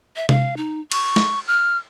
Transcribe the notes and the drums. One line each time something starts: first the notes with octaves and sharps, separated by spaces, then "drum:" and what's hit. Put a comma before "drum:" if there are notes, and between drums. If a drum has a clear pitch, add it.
E5
F5, drum: tom C3
D#4
C#6, drum: cymbal
drum: snare
F6